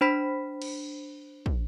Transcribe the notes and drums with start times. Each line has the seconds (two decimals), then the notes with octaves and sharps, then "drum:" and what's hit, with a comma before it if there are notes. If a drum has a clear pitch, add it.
0.01 D4 C5 B5 B6
0.62 drum: cymbal
1.46 drum: kick